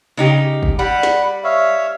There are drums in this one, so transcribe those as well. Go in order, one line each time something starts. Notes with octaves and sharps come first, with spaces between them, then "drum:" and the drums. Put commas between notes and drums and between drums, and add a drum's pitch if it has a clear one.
C#3 D#4 G4
drum: kick
G3 F#5 B5
drum: snare
C#5 E5 F5